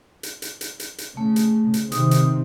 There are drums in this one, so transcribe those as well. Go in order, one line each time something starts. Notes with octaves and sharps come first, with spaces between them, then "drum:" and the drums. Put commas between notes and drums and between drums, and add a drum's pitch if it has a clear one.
drum: hi-hat
drum: hi-hat
drum: hi-hat
drum: hi-hat
drum: hi-hat
C#3 A3
drum: hi-hat
drum: hi-hat
C3 D#3 C4 D#6, drum: hi-hat
drum: hi-hat